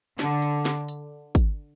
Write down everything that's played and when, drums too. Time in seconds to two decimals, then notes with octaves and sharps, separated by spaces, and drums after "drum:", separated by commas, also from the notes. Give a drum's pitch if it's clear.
0.19 D3, drum: snare
0.42 drum: hi-hat
0.65 drum: snare
0.89 drum: hi-hat
1.35 drum: kick, hi-hat